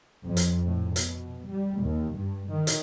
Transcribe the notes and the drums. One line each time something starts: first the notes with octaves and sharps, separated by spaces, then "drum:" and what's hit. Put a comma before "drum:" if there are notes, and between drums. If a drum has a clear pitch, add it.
F2
drum: hi-hat
A2
B2, drum: hi-hat
G3
D#2
G2
D#3
drum: hi-hat